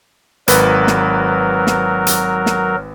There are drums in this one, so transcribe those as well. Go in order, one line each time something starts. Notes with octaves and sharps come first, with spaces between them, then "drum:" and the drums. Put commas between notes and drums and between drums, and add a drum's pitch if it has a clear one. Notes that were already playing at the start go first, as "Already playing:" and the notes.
G#1 F#3 A#4 B4, drum: hi-hat
drum: snare
drum: snare
drum: hi-hat
drum: snare